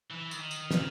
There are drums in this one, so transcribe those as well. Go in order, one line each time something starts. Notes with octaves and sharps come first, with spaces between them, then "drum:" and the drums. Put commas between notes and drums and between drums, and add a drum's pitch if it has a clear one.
E3
D#3, drum: tambourine
drum: tambourine
drum: snare